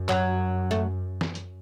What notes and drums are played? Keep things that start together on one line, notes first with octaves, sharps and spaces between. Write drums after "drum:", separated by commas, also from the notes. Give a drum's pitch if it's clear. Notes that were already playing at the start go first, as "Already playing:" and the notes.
Already playing: F#2
F#3, drum: clap
A3, drum: hi-hat
drum: snare
drum: hi-hat